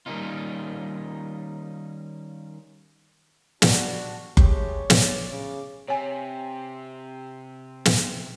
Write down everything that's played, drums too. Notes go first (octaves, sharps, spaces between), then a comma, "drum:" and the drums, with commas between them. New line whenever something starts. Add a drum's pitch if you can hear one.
D#3 G3 A#3 C#4 D#4 F4
G3 D4 F#4, drum: snare
G#3 A3 G4 C#5, drum: kick F#1
D5, drum: snare
C#3 D6
C3 C#5 G#5
drum: snare